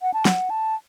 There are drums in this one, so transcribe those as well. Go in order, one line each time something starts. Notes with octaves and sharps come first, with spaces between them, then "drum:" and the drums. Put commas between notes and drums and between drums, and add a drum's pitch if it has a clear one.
F#5
A5
F#5, drum: snare
A5